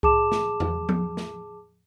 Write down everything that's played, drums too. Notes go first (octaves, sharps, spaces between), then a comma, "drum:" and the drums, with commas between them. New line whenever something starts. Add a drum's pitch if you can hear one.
G#4 A5 D6 E7, drum: kick C2
drum: snare
drum: tom E2
drum: tom F3
drum: snare